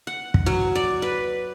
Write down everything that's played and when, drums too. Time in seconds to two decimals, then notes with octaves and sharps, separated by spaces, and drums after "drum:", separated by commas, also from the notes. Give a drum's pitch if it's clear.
0.07 F#5
0.34 drum: kick
0.46 F#3
0.75 D5
1.02 B4